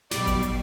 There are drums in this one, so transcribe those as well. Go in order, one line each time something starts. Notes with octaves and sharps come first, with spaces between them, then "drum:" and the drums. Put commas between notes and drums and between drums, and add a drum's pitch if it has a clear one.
B1 B2 G3 D5, drum: snare
drum: kick G#1, hi-hat
drum: hi-hat